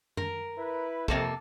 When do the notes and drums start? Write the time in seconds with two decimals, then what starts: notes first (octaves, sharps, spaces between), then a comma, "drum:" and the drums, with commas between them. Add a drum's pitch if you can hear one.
0.17 A#4, drum: tom F#2
0.57 E4 B4
1.08 F2 C3 A#3 A4, drum: kick